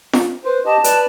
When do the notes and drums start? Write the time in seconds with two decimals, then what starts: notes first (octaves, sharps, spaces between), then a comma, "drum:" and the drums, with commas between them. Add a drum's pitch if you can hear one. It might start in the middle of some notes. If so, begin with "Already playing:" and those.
0.13 drum: snare
0.45 B4 C5
0.66 G4 D#5 A5
0.84 B4 D5, drum: hi-hat